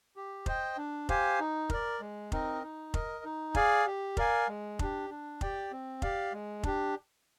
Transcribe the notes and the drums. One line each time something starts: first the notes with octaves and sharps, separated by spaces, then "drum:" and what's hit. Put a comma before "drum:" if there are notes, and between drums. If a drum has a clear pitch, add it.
G4
C5 D#5 G5, drum: kick F1
D4
G4 C5 F5 G#5, drum: kick F1
D#4
A#4 D5, drum: kick F1
G#3
C4 D#4 A#4 D#5, drum: kick F1
D#4
A#4 D#5, drum: kick F1
D#4
G#4 D5 F5 G#5, drum: kick F1
G4
A#4 D5 F5 G#5, drum: kick F1
G#3
D4 G4, drum: kick F1
D4
G4 D5 G5, drum: kick F1
C4
G4 D5 F5, drum: kick F1
G#3
D4 G4, drum: kick F1